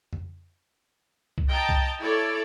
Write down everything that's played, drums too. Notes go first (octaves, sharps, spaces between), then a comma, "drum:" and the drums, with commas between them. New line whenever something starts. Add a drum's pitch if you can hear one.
drum: tom F2
drum: kick C2
D#5 G5 A5 A#5
drum: kick C2
E4 A4 C#5 D5